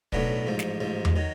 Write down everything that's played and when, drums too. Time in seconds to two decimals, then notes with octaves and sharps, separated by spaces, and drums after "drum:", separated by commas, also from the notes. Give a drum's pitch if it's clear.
0.12 B1 A2 F#3 B3 D4, drum: kick
0.47 A1 G#2 F3
0.59 drum: snare
0.80 A1 G#2 F3
1.05 drum: tom E2
1.16 D#3 F#3